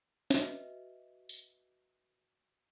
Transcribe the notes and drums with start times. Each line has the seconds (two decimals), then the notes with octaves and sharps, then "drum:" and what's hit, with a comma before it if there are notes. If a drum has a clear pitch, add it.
0.30 F#4 B4 D#5 E5, drum: snare
1.29 drum: tambourine